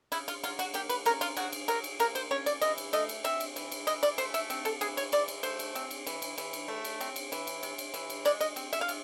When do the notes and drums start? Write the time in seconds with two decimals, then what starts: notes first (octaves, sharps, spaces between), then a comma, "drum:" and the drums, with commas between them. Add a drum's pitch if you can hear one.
0.12 C#3 E4, drum: cymbal
0.28 F4, drum: cymbal
0.43 F#3 F4, drum: cymbal
0.59 F#4, drum: cymbal
0.74 A#3 G4, drum: cymbal
0.89 B4, drum: cymbal
1.06 C#4 A#4, drum: cymbal
1.21 F4, drum: cymbal
1.37 C#3 F#4, drum: cymbal
1.52 drum: cymbal
1.68 F#3 A#4, drum: cymbal
1.84 drum: cymbal
2.00 A#3 A#4, drum: cymbal
2.15 C5, drum: cymbal
2.31 C#4 C#5
2.46 D5, drum: cymbal
2.61 E3 D#5, drum: cymbal
2.78 drum: cymbal
2.93 A3 D#5, drum: cymbal
3.09 drum: cymbal
3.24 C4 E5, drum: cymbal
3.40 drum: cymbal
3.56 E3, drum: cymbal
3.72 drum: cymbal
3.87 E3 D#5, drum: cymbal
4.03 D5, drum: cymbal
4.18 A3 C5, drum: cymbal
4.34 E5, drum: cymbal
4.50 C4, drum: cymbal
4.65 A4, drum: cymbal
4.81 E3 G#4, drum: cymbal
4.97 C#5, drum: cymbal
5.12 E3 D5, drum: cymbal
5.28 drum: cymbal
5.43 A3 C5, drum: cymbal
5.59 drum: cymbal
5.75 C4, drum: cymbal
5.91 drum: cymbal
6.07 E3, drum: cymbal
6.22 drum: cymbal
6.38 E3, drum: cymbal
6.53 drum: cymbal
6.68 A3
6.84 drum: cymbal
7.01 C4, drum: cymbal
7.16 drum: cymbal
7.32 E3, drum: cymbal
7.47 drum: cymbal
7.63 C3, drum: cymbal
7.78 drum: cymbal
7.94 E3, drum: cymbal
8.10 drum: cymbal
8.25 G#3 D5, drum: cymbal
8.41 D#5, drum: cymbal
8.56 C4, drum: cymbal
8.73 E5, drum: cymbal
8.81 F5
8.88 C3, drum: cymbal